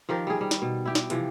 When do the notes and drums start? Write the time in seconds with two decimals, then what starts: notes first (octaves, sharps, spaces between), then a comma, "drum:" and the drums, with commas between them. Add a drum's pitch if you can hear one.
0.09 D#3 F3 G4 A#4
0.27 G3 G#4
0.41 G3
0.51 drum: snare
0.62 B2
0.86 E4 G4
0.95 drum: snare
1.10 C3 E3 F3, drum: hi-hat